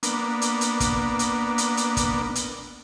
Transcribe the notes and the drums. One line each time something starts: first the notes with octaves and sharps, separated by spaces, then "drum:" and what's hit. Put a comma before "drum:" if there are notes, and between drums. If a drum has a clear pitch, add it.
A#3 B3 D4, drum: hi-hat
drum: hi-hat
drum: hi-hat
drum: kick, hi-hat
drum: hi-hat
drum: hi-hat
drum: hi-hat
drum: kick, hi-hat
drum: hi-hat